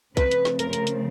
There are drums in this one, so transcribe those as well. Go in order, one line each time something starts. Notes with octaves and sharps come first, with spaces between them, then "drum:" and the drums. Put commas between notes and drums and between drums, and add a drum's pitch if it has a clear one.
C#3 F3 A3 C4 B4, drum: kick, hi-hat
drum: hi-hat
drum: snare
A#4, drum: hi-hat
drum: hi-hat
drum: hi-hat